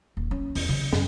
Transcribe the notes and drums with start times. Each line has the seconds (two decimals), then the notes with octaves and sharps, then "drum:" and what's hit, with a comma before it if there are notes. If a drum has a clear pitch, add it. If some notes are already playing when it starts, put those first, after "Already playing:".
0.17 D#1
0.31 C#4
0.55 E2, drum: open hi-hat
0.69 C#3
0.93 F#2, drum: snare